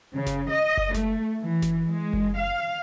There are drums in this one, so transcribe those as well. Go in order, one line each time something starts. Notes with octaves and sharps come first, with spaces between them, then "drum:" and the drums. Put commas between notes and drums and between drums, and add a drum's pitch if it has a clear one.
C#3
drum: snare F#1
D#5
drum: kick F#1
A3, drum: snare F#1
E3
drum: snare F#1
G#3
drum: kick F#1
F5